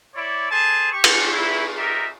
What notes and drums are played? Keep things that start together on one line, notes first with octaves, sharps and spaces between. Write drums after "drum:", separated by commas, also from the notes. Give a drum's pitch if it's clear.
E4 C#5 D5
G#4 A4 C5 G#5 A5
G4 C#6
drum: cymbal
E4
D#4 G4 A#4 D5 E5